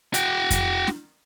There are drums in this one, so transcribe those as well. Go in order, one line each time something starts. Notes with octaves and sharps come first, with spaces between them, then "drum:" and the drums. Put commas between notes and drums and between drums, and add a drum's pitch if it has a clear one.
F#4 G5, drum: hi-hat
drum: kick F2, hi-hat
drum: snare